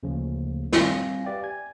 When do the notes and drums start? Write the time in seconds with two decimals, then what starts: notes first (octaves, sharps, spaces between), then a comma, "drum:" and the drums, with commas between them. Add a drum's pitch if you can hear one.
0.03 D2 C#3 F3 A3 A#3 C#4
0.72 G3 C4 E5 F5 G#5 A#6, drum: snare
1.25 G4 B4 D5 E5 F5 G5
1.43 G#5 G#6